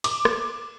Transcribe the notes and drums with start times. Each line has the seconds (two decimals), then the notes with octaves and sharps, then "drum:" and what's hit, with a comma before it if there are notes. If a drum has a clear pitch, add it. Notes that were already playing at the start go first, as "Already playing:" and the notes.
0.04 D6, drum: cymbal
0.25 drum: rim click